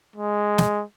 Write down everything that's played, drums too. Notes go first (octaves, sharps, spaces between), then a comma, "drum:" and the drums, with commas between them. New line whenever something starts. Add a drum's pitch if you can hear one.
G#3
drum: snare